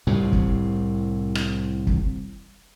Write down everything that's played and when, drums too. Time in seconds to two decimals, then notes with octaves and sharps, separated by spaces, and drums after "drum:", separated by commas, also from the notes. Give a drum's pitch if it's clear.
0.07 C2 A2 C3
0.32 drum: kick
1.35 drum: rim click
1.87 drum: kick